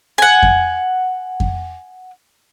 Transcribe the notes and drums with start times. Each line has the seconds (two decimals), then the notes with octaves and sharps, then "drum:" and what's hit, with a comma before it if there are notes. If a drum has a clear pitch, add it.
0.18 F#5 G#5
0.43 drum: kick F2
1.40 drum: kick F2